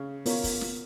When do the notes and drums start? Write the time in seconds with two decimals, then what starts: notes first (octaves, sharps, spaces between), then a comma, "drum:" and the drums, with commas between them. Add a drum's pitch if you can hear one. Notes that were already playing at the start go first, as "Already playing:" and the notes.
Already playing: C#3
0.26 B3 F4 A#4 C#5, drum: open hi-hat
0.44 drum: kick, open hi-hat
0.61 drum: snare